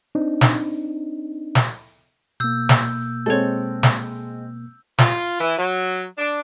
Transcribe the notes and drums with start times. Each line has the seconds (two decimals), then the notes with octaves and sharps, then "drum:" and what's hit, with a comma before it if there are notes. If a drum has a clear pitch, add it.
0.15 C4 D4 D#4
0.41 drum: snare
1.55 drum: snare
2.40 B2 A#3 E6 G6
2.69 drum: snare
3.26 G#3 C4 A4 C#5
3.83 drum: snare
4.98 F4, drum: snare
5.40 E3
5.58 F#3
6.18 D4